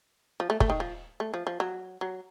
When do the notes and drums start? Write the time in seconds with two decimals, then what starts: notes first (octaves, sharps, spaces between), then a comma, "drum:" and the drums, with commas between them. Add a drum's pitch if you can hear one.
0.40 F3
0.50 A3
0.60 A3, drum: kick
0.70 D#3
0.80 F3
1.20 A3
1.34 F3
1.47 F3
1.60 F#3
2.01 F#3